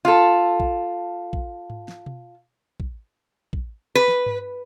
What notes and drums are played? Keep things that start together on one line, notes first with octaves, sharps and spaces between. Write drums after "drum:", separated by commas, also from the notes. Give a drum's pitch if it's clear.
F4 A4
drum: kick
drum: kick
drum: tom G#2
drum: snare
drum: tom B2
drum: kick
drum: kick
B4
drum: snare
drum: tom G2